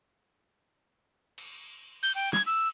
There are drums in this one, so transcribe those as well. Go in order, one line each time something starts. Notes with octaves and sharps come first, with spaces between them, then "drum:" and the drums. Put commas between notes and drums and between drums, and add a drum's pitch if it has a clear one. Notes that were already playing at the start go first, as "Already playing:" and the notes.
drum: cymbal
G6, drum: cymbal
G5
G#6, drum: snare
E6